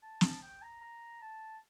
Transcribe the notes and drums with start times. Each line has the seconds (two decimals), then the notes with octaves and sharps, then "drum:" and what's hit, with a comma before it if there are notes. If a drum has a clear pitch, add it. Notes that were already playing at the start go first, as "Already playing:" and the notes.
0.03 A5
0.21 drum: snare
0.42 G5
0.62 A#5
0.81 A#5
1.21 A5